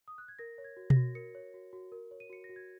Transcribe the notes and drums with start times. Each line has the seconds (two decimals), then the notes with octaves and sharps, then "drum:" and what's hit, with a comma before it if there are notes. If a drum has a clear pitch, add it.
0.08 D#6
0.18 F#6
0.28 G#6
0.39 A#4 A#6
0.58 C#5
0.64 G#6
0.77 F#4
0.90 A#6, drum: tom B2
0.96 F#4
1.15 A#4 C#7
1.35 C#5
1.54 F#4
1.73 F#4
1.92 A#4
2.11 C#5
2.20 D#7
2.30 F#4 C#7
2.44 A#6
2.49 F#4
2.56 G#6